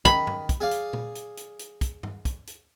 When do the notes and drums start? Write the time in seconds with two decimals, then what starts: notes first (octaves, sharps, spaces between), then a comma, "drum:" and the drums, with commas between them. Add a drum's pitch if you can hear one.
0.05 D#3 B5, drum: kick, hi-hat
0.27 drum: tom G2
0.49 drum: kick, hi-hat
0.60 G#4 D5 F5
0.71 drum: hi-hat
0.93 drum: tom A#2
1.15 drum: hi-hat
1.37 drum: hi-hat
1.59 drum: hi-hat
1.81 drum: kick, hi-hat
2.03 drum: tom G2
2.25 drum: kick, hi-hat
2.47 drum: hi-hat